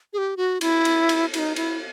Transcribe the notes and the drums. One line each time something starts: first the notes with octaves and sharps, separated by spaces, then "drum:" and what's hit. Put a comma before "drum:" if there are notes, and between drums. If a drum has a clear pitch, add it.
G#4
G4
F#4
E4, drum: cymbal
drum: cymbal
drum: cymbal
E4, drum: cymbal
D#4
E4, drum: cymbal